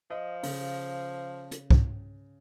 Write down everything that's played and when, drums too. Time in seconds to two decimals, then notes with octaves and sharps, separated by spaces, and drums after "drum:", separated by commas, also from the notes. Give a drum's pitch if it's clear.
0.10 F3 D#5
0.43 C#3, drum: open hi-hat
1.52 drum: hi-hat
1.70 drum: kick